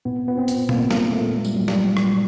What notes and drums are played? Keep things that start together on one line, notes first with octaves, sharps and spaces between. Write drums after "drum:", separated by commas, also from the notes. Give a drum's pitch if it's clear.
A#2 B3
A#2 B3
C4
A#2, drum: hi-hat
A#2 A#3, drum: tom A#2
A#2, drum: snare
A#2 A3
A#2 G#3
G3, drum: tambourine
A#2 F#3
G3, drum: snare
A#2
A#2, drum: rim click